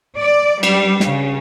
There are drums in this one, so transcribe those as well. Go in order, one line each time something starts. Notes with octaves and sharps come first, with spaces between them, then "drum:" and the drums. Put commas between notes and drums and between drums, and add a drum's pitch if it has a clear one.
D5
G3, drum: cymbal
C#3, drum: snare